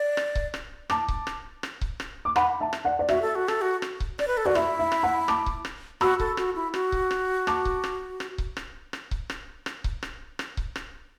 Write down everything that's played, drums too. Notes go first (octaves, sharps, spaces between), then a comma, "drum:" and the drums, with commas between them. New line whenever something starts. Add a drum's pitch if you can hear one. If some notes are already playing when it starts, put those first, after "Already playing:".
Already playing: D5
drum: rim click
drum: kick C#1
drum: rim click
A5 D6, drum: rim click
drum: kick C#1
drum: rim click
drum: rim click
drum: kick C#1
drum: rim click
D6
F#5 B5, drum: rim click
E5 A5
drum: rim click
D5 F#5
D5
F#4 E5, drum: rim click
A4
F#4
A4, drum: rim click
F#4
drum: rim click
drum: kick C#1
D5, drum: rim click
B4
A4
F#4 D5
E4 E5, drum: rim click
E5
drum: rim click
F#5 B5
A5 D6, drum: rim click
drum: kick C#1
drum: rim click
F#4 B5 E6, drum: rim click
A4, drum: kick C#1
F#4, drum: rim click
E4
F#4, drum: rim click
drum: kick C#1
drum: rim click
A5 D6, drum: rim click
drum: kick C#1
drum: rim click
drum: rim click
drum: kick C#1
drum: rim click
drum: rim click
drum: kick C#1
drum: rim click
drum: rim click
drum: kick C#1
drum: rim click
drum: rim click
drum: kick C#1
drum: rim click